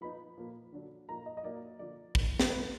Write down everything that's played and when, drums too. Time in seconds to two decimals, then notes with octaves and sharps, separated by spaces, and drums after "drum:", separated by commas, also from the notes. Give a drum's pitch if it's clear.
0.01 F3 B3 D#4 B5
0.37 A#2 F3 A#3
0.72 D3 F#3 D4
1.08 A#2 F3 A#3 D#4 A#5
1.26 D#5
1.37 D#5
1.43 A#2 F#3 A#3 D#4 D5
1.79 D3 F3 A#3 D5
2.15 D#3 A#3 D#4, drum: kick
2.40 A#4, drum: snare
2.50 B2 G#3 D#4 B4